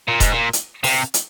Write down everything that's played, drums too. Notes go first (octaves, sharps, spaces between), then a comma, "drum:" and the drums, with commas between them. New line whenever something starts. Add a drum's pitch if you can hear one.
A#2
G#2, drum: kick E1, hi-hat
A#2
drum: hi-hat
C3, drum: open hi-hat
drum: hi-hat